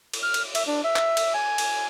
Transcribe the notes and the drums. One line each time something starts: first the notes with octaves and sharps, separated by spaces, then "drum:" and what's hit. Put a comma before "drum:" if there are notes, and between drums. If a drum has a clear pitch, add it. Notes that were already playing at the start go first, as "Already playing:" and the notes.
drum: cymbal
F6
drum: cymbal
E5, drum: cymbal
D4
E5
drum: clap
drum: cymbal
G#5
drum: cymbal